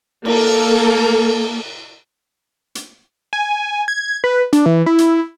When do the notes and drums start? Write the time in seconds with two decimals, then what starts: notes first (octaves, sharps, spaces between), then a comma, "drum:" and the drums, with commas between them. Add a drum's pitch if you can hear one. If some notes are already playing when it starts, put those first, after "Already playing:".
0.25 A#3 A4, drum: cymbal
2.75 drum: hi-hat
3.33 G#5
3.88 G#6
4.24 B4
4.53 D4, drum: hi-hat
4.66 E3
4.86 E4
4.98 drum: hi-hat